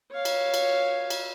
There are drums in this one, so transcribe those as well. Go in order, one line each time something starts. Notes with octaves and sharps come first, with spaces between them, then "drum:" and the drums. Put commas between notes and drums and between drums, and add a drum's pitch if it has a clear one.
C#5 F5
drum: cymbal
drum: cymbal
drum: cymbal